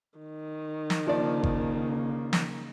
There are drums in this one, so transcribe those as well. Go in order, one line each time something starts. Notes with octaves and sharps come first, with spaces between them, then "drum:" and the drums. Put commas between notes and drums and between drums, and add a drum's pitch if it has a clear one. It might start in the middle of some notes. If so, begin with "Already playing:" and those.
D#3
drum: snare
C#3 F3 A#3 D4 D5
drum: kick G1
drum: snare